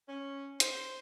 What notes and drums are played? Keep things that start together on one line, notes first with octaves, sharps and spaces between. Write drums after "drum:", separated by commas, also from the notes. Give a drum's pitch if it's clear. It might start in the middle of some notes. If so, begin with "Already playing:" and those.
C#4
C5, drum: hi-hat